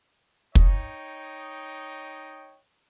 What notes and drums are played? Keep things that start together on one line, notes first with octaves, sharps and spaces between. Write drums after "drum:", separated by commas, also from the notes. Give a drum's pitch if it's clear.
D#4 C#5 D#5 G5, drum: kick